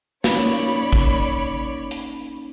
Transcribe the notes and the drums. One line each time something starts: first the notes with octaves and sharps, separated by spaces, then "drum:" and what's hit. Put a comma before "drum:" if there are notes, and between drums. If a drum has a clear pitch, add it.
A#3 C#4 D#4 C#5 D5 B5, drum: snare
drum: kick
drum: hi-hat